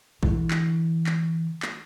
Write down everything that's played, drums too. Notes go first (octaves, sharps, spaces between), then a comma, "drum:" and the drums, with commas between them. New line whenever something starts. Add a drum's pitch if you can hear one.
D3 E3, drum: kick
drum: clap
drum: clap
drum: clap